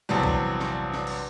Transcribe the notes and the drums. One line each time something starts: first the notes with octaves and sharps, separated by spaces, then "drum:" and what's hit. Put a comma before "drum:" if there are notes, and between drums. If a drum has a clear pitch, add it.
A#1 E2 C3 F#3 G3
drum: kick
drum: snare
drum: snare
drum: cymbal